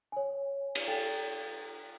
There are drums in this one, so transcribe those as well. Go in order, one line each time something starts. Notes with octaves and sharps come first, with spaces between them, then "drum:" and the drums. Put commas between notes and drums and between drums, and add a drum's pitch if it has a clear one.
C#5 G#5
drum: cymbal
A4 G5 G#5 A6